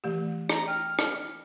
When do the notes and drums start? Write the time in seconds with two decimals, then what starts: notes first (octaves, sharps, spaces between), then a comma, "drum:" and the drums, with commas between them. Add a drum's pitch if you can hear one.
0.04 E3 A3 G4
0.49 A#5, drum: rim click
0.68 G5 F6
0.99 drum: rim click